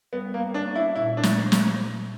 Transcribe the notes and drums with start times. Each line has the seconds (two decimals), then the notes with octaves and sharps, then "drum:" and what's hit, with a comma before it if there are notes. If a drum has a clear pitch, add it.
0.13 G3 B3
0.34 A#3
0.40 G3
0.54 D4
0.68 C#4
0.75 E4
0.96 A#2 E4
1.17 D4
1.23 A#2, drum: snare
1.52 drum: snare